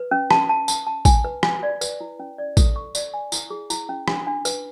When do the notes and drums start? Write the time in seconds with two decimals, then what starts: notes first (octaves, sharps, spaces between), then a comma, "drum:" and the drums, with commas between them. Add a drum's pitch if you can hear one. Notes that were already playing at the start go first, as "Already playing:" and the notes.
Already playing: B4
0.11 C#4
0.31 A5, drum: rim click
0.49 A5
0.68 A5, drum: tambourine
0.87 A5
1.05 G#5, drum: kick A1, tambourine
1.24 B4
1.43 G#5, drum: rim click
1.63 D5
1.81 B4, drum: tambourine
2.01 E4
2.20 C#4
2.38 D5
2.57 A4, drum: kick A1, tambourine
2.76 C#6
2.95 D5, drum: tambourine
3.14 G#5
3.32 E4, drum: tambourine
3.50 G#4
3.70 E4, drum: tambourine
3.89 C#4
4.08 D4, drum: rim click
4.27 D4
4.45 B4, drum: tambourine